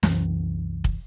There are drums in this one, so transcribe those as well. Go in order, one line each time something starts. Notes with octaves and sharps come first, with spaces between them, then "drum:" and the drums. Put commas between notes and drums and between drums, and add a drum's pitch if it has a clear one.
C2 F#2 E3, drum: snare
drum: kick